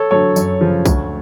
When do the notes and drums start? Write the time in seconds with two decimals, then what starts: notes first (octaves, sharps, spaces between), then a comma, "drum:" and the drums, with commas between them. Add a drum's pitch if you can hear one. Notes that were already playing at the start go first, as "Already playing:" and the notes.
Already playing: A4 C#5
0.11 D3 F#3 A4 C#5
0.36 F#2, drum: tambourine
0.61 C#3 F3
0.86 D2, drum: kick B1, tambourine